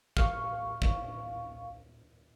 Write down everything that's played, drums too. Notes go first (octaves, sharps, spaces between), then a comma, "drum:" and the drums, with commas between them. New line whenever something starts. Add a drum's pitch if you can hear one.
F5 C#6, drum: kick
drum: kick